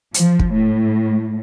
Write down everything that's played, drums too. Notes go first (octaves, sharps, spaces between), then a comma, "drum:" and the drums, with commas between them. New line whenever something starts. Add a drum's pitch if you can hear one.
F3, drum: hi-hat
drum: kick
A2